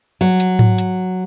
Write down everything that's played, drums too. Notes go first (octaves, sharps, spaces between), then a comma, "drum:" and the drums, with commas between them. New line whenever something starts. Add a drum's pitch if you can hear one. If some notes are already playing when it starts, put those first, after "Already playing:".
F#3
drum: hi-hat
drum: tom G#2
drum: hi-hat